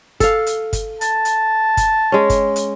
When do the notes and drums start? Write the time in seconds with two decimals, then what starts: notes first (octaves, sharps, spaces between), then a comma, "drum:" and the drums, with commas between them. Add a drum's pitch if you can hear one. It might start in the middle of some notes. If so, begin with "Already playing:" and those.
0.20 A4 F5, drum: kick, hi-hat
0.47 drum: hi-hat
0.73 drum: kick, hi-hat
1.01 A5, drum: hi-hat
1.25 drum: hi-hat
1.77 drum: kick, hi-hat
2.12 G#3 C#4
2.30 drum: kick, hi-hat
2.56 drum: hi-hat